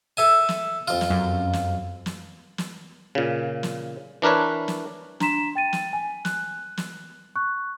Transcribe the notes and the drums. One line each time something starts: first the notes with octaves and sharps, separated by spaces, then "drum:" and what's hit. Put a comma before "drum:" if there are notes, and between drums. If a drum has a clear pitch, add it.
A4 E5 G#5
drum: snare
F2 F4
drum: snare
F#2
drum: snare
drum: snare
drum: snare
A#2 C#3
drum: snare
E3 D4 A#4 B4 C#5
drum: snare
D4 A#5 C6 B6 E7, drum: snare
G5 A6 D#7
drum: snare
G#5
F#6, drum: snare
drum: snare
C#6 F#6